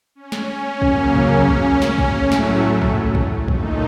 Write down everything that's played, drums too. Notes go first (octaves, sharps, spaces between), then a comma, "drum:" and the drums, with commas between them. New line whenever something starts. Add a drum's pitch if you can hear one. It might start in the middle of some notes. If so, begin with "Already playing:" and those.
C#4
drum: snare
C#3 F#3 A#3, drum: kick
drum: kick
drum: kick
drum: snare
drum: kick
A2 F#3 A3
drum: snare
drum: kick
drum: kick
A#2 A3 D#4, drum: kick